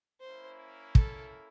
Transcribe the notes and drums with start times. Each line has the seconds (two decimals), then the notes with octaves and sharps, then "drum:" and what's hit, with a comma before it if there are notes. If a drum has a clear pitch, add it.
0.21 A#3 C#4 E4 C5
0.95 A4, drum: kick